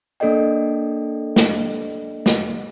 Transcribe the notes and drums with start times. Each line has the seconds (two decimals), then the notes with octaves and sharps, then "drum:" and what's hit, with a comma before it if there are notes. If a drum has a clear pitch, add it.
0.20 A#3 D4 A4 D5 D#5 G5
1.36 drum: snare
2.26 drum: snare